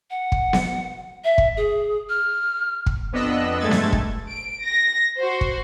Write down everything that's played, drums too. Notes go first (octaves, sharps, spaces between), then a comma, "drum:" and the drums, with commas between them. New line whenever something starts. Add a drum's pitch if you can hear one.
F#5
drum: kick
drum: snare B3
E5
drum: kick
G#4
F6
drum: kick
F2 B3 D4 D#5 E6 F#6
G2 G#3 A3 A4 G#6 A6
drum: snare B3
drum: kick
D7
A#6
F#4 C5
drum: kick